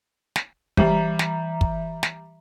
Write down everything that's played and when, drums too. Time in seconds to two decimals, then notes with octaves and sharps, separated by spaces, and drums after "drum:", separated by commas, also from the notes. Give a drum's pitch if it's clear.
0.36 drum: snare
0.77 E3 G3 E5 A#5, drum: kick
1.19 drum: snare
1.61 drum: kick
2.03 drum: snare